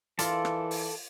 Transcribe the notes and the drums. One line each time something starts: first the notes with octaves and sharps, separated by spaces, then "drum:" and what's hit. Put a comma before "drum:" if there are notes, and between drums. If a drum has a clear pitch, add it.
E3 F4 A4 A#4 D5 A5, drum: hi-hat
drum: rim click
drum: open hi-hat